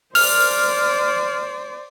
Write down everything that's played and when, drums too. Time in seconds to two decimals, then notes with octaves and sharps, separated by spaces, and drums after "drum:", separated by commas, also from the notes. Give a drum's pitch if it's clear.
0.15 C5 D5 F6, drum: open hi-hat